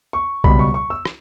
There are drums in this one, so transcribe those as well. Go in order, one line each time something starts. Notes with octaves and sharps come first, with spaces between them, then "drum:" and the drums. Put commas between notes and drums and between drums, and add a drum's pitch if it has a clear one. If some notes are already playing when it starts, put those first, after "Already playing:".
C#6
C#2 B2 G3 B5, drum: kick B1
C#6
C#6
E6
drum: rim click